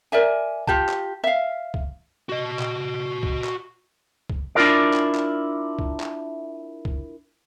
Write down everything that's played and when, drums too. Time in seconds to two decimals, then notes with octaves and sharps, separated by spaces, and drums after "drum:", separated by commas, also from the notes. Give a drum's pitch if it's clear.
0.12 A#4 D5 E5 G#5
0.67 F4 G4 A5, drum: kick
0.89 drum: clap
1.24 E5 F5
1.74 drum: kick
2.29 F#4 D#5
2.59 drum: clap
3.23 drum: kick
3.44 drum: clap
4.30 drum: kick
4.55 D4 E4 F4 A#4 D5
4.93 drum: clap
5.15 drum: clap
5.79 drum: kick
6.00 drum: clap
6.85 drum: kick